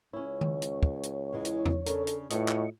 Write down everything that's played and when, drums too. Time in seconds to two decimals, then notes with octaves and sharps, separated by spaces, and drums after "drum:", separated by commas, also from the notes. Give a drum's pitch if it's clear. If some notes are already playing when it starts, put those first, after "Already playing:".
0.13 C#2 C#4 E4 C#5
0.41 drum: tom D#3
0.62 drum: hi-hat
0.83 drum: kick
1.03 drum: hi-hat
1.33 E2 E3 G#3
1.45 drum: hi-hat
1.66 drum: tom E2
1.86 C#3 D4 A4 A#4, drum: hi-hat
2.07 drum: hi-hat
2.30 E2 A2 G3 F4 B4 D#5 C#6, drum: hi-hat
2.48 drum: clap